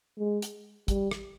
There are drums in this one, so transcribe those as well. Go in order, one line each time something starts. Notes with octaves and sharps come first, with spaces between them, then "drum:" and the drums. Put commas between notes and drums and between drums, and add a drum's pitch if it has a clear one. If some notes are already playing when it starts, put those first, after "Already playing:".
G#3
drum: hi-hat
G3, drum: kick, hi-hat
drum: rim click